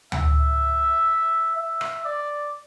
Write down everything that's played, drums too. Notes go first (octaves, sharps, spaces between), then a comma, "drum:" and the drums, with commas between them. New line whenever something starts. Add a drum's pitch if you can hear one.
E5, drum: tom D2
E5
drum: rim click
D5